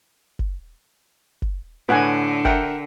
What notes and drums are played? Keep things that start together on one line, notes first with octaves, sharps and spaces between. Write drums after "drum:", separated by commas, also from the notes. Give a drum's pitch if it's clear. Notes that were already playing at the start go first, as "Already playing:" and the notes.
drum: kick F#1
drum: kick F#1
A2 D3 B4 F#5 G#5
A#4 E5 F#5 G5, drum: kick F#1